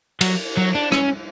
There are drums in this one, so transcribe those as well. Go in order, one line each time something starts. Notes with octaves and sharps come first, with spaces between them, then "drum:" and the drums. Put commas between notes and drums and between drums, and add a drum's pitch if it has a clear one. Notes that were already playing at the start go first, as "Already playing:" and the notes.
F#3, drum: cymbal
F#3
D4
C#4, drum: rim click